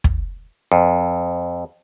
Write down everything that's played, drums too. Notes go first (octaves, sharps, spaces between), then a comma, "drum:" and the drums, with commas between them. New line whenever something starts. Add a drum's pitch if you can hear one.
drum: kick
F2